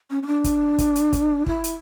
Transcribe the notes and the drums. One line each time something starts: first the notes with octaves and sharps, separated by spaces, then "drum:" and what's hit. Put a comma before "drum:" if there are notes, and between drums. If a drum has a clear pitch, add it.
C#4
C#4
D4
drum: kick, hi-hat
drum: kick, hi-hat
drum: hi-hat
drum: kick, hi-hat
E4, drum: kick
drum: hi-hat